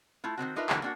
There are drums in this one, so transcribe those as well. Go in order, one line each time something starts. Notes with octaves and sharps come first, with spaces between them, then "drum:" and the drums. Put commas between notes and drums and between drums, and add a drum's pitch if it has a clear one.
A3 E4 F4
D#3 E3 C4 F#4
D4 D#4 F4 A#4 B4 E5
D3 E3 F#3 A#3 D4 E4, drum: clap
A#3 D4 F#4